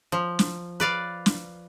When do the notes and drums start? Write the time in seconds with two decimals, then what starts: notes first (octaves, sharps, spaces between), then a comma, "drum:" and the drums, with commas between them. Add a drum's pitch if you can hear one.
0.12 F3
0.39 drum: snare
0.80 B4 D5 F5
1.26 drum: snare